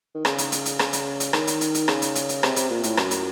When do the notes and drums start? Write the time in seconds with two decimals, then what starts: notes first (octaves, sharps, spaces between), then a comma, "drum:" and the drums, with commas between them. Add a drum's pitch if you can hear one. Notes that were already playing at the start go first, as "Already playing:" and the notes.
0.14 D#3
0.25 C#3, drum: rim click
0.38 drum: hi-hat
0.52 drum: hi-hat
0.66 drum: hi-hat
0.79 C#3, drum: rim click
0.93 drum: hi-hat
1.20 drum: hi-hat
1.33 D#3, drum: rim click
1.47 drum: hi-hat
1.61 drum: hi-hat
1.75 drum: hi-hat
1.88 C#3, drum: rim click
2.02 drum: hi-hat
2.15 drum: hi-hat
2.29 drum: hi-hat
2.43 C3, drum: rim click
2.56 C3, drum: hi-hat
2.70 A#2
2.83 A2, drum: hi-hat
2.97 F#2, drum: rim click
3.11 drum: hi-hat